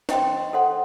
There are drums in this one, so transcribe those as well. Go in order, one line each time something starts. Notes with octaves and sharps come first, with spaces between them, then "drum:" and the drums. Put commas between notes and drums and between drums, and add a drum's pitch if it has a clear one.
C5 D#5 G5 C6, drum: snare
A4 C5 F#5 C6